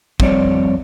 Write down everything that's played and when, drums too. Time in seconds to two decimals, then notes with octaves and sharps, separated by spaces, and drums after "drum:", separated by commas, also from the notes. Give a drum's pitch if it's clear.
0.20 F2 G3 C4 C#5 D5, drum: kick